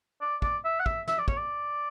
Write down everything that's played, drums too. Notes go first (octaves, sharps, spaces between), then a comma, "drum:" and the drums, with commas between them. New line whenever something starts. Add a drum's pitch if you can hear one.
D5
D5, drum: kick
E5
F#5
E5, drum: kick
E5, drum: snare
D5
C#5, drum: kick
D5